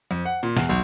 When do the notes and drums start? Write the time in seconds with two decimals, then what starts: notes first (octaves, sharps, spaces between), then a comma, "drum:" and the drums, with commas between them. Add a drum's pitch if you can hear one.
0.11 F2
0.25 F#5
0.43 A#2
0.57 E2, drum: snare
0.69 B1